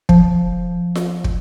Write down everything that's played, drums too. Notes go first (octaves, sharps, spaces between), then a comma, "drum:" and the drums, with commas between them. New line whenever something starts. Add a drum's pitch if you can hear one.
F3, drum: kick
drum: snare F4
drum: kick